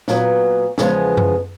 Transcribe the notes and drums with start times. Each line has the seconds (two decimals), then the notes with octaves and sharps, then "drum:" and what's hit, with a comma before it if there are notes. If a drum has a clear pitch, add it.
0.08 A#2 F#3 B3, drum: snare
0.78 E2 C#3 F3 G#3 B3, drum: snare
1.17 drum: tom F#2